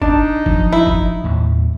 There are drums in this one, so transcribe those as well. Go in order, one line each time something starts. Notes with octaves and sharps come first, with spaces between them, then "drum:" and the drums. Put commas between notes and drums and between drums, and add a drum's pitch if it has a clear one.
D4 D#4, drum: kick
F3 F#3, drum: kick
E4
drum: kick
D#2 A2